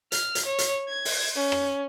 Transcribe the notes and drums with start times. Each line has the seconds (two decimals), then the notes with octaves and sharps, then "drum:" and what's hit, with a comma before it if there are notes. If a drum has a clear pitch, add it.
0.12 F6, drum: hi-hat
0.35 drum: hi-hat
0.45 C#5
0.59 drum: hi-hat
0.88 G#6
1.05 drum: open hi-hat
1.36 C#4
1.52 drum: rim click